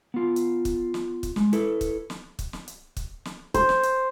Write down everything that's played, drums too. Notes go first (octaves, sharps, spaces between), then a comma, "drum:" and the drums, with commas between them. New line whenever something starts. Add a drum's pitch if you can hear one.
B3 F4
drum: hi-hat
drum: kick, hi-hat
drum: snare
drum: kick, hi-hat
G#3, drum: snare
E4 A4 B4, drum: hi-hat
drum: kick, hi-hat
drum: snare
drum: kick, hi-hat
drum: snare
drum: hi-hat
drum: kick, hi-hat
drum: snare
C5, drum: kick, hi-hat
drum: snare
drum: hi-hat